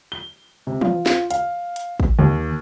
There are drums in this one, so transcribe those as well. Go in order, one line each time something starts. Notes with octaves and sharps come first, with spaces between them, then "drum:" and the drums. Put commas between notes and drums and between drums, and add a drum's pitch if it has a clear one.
G7
C3
F4, drum: tom
F4, drum: snare
F5, drum: hi-hat
drum: hi-hat
drum: kick
D#2